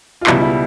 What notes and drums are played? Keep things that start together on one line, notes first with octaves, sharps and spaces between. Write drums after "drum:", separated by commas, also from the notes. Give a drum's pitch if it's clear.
F4
C#2 B2 G3 E4, drum: clap
E4